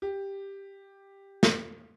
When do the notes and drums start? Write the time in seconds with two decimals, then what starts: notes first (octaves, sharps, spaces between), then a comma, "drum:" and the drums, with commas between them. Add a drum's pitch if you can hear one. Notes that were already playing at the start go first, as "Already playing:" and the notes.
0.02 G4
1.43 drum: snare